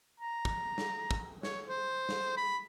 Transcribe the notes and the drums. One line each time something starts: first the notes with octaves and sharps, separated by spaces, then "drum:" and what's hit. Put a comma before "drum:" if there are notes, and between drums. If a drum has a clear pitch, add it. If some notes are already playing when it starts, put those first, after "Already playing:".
A#5
drum: kick
drum: snare
drum: kick
C#5, drum: snare
C5
drum: snare
B5